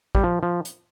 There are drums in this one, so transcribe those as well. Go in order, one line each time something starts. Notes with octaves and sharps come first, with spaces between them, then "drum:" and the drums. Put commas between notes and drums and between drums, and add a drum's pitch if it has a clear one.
G3, drum: kick
F3
F3
drum: hi-hat